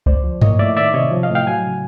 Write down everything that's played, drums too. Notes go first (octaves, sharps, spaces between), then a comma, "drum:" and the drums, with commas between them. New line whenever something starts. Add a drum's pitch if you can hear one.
D2 C5 D5, drum: kick C#2
F3
A#3 C#5 D#5, drum: tom G2
A2 D5 E5
D#3 D5 E5
C3 C#5 D#5
F3
D#5 F5
A2
F5 G5
F#3 F#5 G#5
C#3